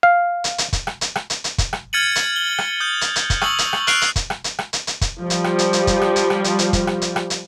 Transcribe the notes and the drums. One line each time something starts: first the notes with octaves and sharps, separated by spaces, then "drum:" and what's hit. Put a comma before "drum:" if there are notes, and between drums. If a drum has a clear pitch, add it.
F5
drum: hi-hat
drum: hi-hat
drum: kick, hi-hat
drum: rim click
drum: hi-hat
drum: rim click
drum: hi-hat
drum: hi-hat
drum: kick, hi-hat
drum: rim click
F6 G#6 A6 C#7 D#7 F#7
drum: hi-hat
G7
drum: rim click
D#6 G6
drum: hi-hat
drum: hi-hat
drum: kick, hi-hat
C#6 D#6 E6 F#7, drum: rim click
drum: hi-hat
drum: rim click
C#6 F6 F#6 C7 D7 F7, drum: hi-hat
drum: hi-hat
drum: kick, hi-hat
drum: rim click
drum: hi-hat
drum: rim click
drum: hi-hat
drum: hi-hat
drum: kick, hi-hat
F3 G3
drum: hi-hat
drum: rim click
drum: hi-hat
drum: hi-hat
drum: kick, hi-hat
drum: rim click
drum: hi-hat
drum: rim click
drum: hi-hat
drum: hi-hat
drum: kick, hi-hat
drum: rim click
drum: hi-hat
drum: rim click
drum: hi-hat